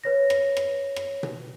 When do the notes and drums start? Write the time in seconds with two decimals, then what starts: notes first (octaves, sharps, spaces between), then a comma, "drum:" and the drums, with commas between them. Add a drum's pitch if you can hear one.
0.04 B4 C#5 A#6
0.30 drum: rim click
0.57 drum: rim click
0.96 drum: rim click
1.23 drum: tom B2